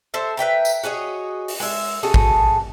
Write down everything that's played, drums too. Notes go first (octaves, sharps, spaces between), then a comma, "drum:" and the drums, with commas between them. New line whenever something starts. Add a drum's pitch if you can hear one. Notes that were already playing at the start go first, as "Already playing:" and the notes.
A4 C5 E5
B4 E5 G5 A#5
drum: tambourine
F#4 G#4 C#5 D#5
drum: open hi-hat
G#3 E5
C#4 F#4 G#4 A4
drum: kick A1